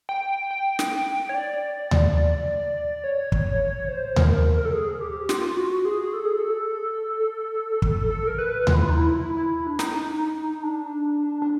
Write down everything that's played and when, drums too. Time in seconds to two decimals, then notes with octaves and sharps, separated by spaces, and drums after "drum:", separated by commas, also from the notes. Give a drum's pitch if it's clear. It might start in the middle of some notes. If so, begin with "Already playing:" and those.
0.09 G5
0.51 G5
0.79 drum: snare
1.29 C#5
1.35 D5
1.91 drum: tom D#2
3.04 C#5
3.32 drum: kick
3.88 C5
4.16 A#4, drum: tom D#2
4.58 A#4
4.65 A4
4.73 G#4
5.01 G4
5.29 F4, drum: snare
5.57 F#4
5.85 G#4
6.13 A4
6.25 G#4
6.38 A4
7.82 drum: kick
8.10 A4
8.27 A#4
8.39 B4
8.67 F4, drum: tom D#2
8.75 E4
8.84 F4
8.90 D#4
8.95 E4
9.37 E4
9.67 D4
9.79 D#4, drum: snare
10.63 D4
11.42 D4